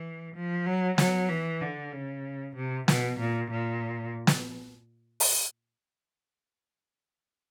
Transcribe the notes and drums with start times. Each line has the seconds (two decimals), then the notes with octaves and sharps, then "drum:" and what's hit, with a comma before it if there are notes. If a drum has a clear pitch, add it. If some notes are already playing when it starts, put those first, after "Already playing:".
Already playing: E3
0.35 F3
0.66 F#3
0.98 F#3, drum: snare
1.29 E3
1.61 D3
1.93 C#3
2.56 C3
2.88 B2, drum: snare
3.19 A#2
3.51 A#2
4.27 drum: snare
5.20 drum: open hi-hat